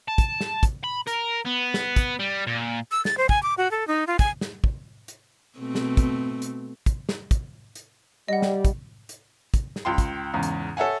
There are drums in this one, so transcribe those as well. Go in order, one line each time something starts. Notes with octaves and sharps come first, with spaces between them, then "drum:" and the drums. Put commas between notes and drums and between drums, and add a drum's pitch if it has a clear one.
A5
drum: kick, hi-hat
drum: snare
drum: kick, hi-hat
B5
A#4, drum: hi-hat
B3
drum: snare
drum: kick, hi-hat
G3
A#2
E6
A6, drum: snare
C5
G#5, drum: kick
D6
F#4
A4
D#4
F4
G#5, drum: kick, hi-hat
drum: snare
drum: kick
drum: hi-hat
B2 A3 C4
drum: snare
drum: kick, hi-hat
drum: hi-hat
drum: kick, hi-hat
drum: snare
drum: kick, hi-hat
drum: hi-hat
G3 D#5 F#5
drum: snare
drum: kick, hi-hat
drum: hi-hat
drum: kick, hi-hat
drum: snare
C#2 G5 C6
drum: kick, hi-hat
E2 G#2 C#3
drum: hi-hat
A4 C#5 E5 F#5 G#5